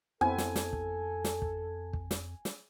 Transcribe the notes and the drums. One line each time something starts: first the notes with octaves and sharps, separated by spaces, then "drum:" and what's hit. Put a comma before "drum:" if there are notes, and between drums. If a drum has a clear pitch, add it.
F2 B3 C4 E4 A4 G#5
drum: snare
drum: snare
drum: kick
drum: snare
drum: kick
drum: kick
drum: snare
drum: snare